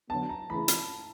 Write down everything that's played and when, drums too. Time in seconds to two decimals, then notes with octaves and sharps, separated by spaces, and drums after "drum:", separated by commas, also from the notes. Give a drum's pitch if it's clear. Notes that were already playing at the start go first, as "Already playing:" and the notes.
0.10 D3 F#3 B3 A5
0.29 A#5
0.49 C#3 E3 A3 B5
0.68 B5, drum: hi-hat